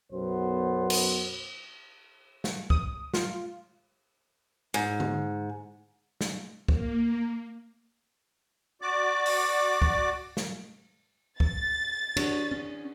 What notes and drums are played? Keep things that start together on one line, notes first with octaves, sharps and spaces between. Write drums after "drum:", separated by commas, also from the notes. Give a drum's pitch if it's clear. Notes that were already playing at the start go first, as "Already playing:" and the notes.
B1 F#2 B3 C5
drum: cymbal
drum: snare
D#6, drum: kick
F4, drum: snare
G#2
drum: tom D3
drum: snare
A#3, drum: kick
F#4 D5 D6
drum: open hi-hat
drum: kick
drum: snare
A6, drum: kick
D4 F#4 C#5, drum: cymbal
C#4